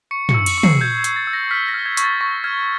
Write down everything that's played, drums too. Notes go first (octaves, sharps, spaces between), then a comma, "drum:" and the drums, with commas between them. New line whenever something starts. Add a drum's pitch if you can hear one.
C#6 C#7
C#7, drum: tom
E6
C#7, drum: cymbal
C#6
C7, drum: tom
G6 G#6
G#6
C#6, drum: hi-hat
A6
E6
A#6
F6 B6
A#6
F6
G#6
C#6, drum: hi-hat
A6
C#6 A#6
F6 G#6